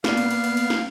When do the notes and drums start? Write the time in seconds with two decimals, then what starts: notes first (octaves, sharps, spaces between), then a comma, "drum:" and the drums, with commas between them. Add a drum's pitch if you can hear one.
0.04 A#3 B3 D5 F5, drum: snare
0.17 drum: cymbal
0.31 drum: cymbal
0.44 drum: cymbal
0.57 drum: cymbal
0.70 drum: snare